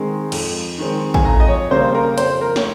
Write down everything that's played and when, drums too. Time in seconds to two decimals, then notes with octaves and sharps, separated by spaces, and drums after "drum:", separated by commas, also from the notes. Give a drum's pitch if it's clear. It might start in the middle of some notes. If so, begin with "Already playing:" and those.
Already playing: D#3 G#3 C4
0.32 F2, drum: cymbal
0.78 D#3 G#3 C4
1.14 G#5, drum: kick
1.25 F2 A#5
1.40 D#5
1.48 C#5
1.71 C#3 G3 A#3 C5
1.95 A#4
2.18 F2 C5, drum: hi-hat
2.41 A#4
2.56 C#5, drum: snare